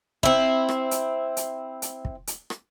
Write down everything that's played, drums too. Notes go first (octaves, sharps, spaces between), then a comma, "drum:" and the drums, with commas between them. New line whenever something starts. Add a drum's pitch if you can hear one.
C4 E4, drum: kick
drum: rim click
drum: hi-hat
drum: hi-hat
drum: hi-hat
drum: kick
drum: hi-hat
drum: rim click